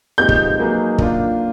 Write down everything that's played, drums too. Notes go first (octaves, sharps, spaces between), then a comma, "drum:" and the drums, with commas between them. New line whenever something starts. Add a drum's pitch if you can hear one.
F3 G#3 B3 D#4 G4 G6
drum: kick
F#3 A#3 D#4 G#4 B4
A#3 D4 F4, drum: kick